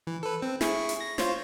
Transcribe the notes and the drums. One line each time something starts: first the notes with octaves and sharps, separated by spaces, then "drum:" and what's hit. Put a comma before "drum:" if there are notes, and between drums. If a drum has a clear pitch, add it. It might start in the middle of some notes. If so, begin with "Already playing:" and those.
E3
A4 B4
C4
E4 G#4 C#6, drum: snare
drum: hi-hat
A#6
F4 C5 C#5, drum: snare